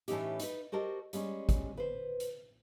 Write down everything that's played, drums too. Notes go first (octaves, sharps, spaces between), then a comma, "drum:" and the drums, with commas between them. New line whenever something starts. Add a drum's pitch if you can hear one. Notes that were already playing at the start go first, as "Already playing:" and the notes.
A2 E3 A3 C#4 D#4 G4, drum: hi-hat
D#4 B4, drum: hi-hat
F#4 G4 A4 A#4 C5 D#5
G3 G#3 C#4, drum: hi-hat
drum: kick, hi-hat
B4 C5
drum: hi-hat